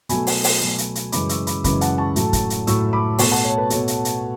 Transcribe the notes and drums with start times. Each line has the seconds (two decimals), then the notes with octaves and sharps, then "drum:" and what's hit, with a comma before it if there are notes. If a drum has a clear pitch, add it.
0.09 B2 F#3 A3 G#5 B5, drum: hi-hat
0.27 drum: open hi-hat
0.44 drum: open hi-hat
0.61 B2 F#3 A3
0.78 drum: hi-hat
0.95 drum: hi-hat
1.12 F#2 C#3 E3 G#3 B5 D6, drum: hi-hat
1.29 C#6 E6, drum: hi-hat
1.47 B5 D6, drum: hi-hat
1.64 F#2 C#3 E3 G#3 B5 D6, drum: kick, hi-hat
1.81 F#5 A5, drum: hi-hat
1.98 A5 C#6
2.16 A2 F#3 A3, drum: hi-hat
2.33 drum: kick, hi-hat
2.50 drum: hi-hat
2.67 A2 F#3 A3 C#6 E6, drum: hi-hat
2.93 B5 D6
3.18 B2 A3 A5 C#6, drum: open hi-hat
3.32 F#5 A5
3.45 C#5
3.58 B4
3.70 B2 A3 C#5, drum: hi-hat
3.88 drum: hi-hat
4.05 drum: hi-hat